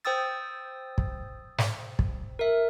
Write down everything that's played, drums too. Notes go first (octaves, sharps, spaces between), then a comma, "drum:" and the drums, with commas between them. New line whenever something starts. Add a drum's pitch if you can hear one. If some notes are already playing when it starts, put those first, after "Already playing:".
C5 G5 D#6 E6 A6
drum: kick
drum: snare
drum: kick
A#4 E5